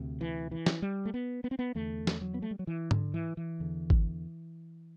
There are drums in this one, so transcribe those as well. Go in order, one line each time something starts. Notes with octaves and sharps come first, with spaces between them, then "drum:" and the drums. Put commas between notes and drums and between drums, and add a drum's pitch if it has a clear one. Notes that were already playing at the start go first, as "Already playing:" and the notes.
Already playing: D2 C3
E3
E3
drum: snare
G3
A3
B3
B3
C4
B3
E2 D3 A3
drum: snare
F#3
B3
A3
G3
F#3
E3
D3, drum: tom G#2
E3
E3
E2 D3
drum: kick G#1